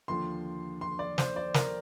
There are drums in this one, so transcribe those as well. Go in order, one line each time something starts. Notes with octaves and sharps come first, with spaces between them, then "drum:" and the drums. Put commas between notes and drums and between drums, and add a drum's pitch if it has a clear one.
D#2 D3 F3 C6
C6
D5
C5, drum: snare
D5
A#4, drum: snare